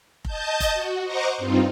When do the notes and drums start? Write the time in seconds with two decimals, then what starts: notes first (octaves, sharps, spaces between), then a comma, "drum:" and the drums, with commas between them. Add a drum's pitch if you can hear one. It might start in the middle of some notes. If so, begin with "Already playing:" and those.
0.25 D#5 A5 G6, drum: kick F1
0.60 drum: kick F1, hi-hat
0.73 F#4
1.04 C5 D#5 F#5 A#5 C#6 D6
1.38 G2 C4 D#4 F4